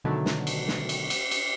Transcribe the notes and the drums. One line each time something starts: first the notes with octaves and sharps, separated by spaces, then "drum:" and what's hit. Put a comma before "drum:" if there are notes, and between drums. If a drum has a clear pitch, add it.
B2 D3 D#3 F#3 A3
drum: snare
drum: cymbal
drum: snare
drum: cymbal
drum: cymbal
drum: cymbal